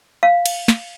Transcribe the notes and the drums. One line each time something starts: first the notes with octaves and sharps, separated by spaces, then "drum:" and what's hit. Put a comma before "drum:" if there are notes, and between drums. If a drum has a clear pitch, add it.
F5
drum: cymbal
drum: snare